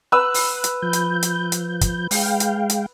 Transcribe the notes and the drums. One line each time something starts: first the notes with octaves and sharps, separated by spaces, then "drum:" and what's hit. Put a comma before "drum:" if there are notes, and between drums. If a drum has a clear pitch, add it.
B4 E6 F#6
drum: open hi-hat
drum: hi-hat
F3 G6
drum: hi-hat
drum: hi-hat
drum: hi-hat
drum: kick, hi-hat
G#3 F5 G5, drum: open hi-hat
drum: hi-hat
drum: hi-hat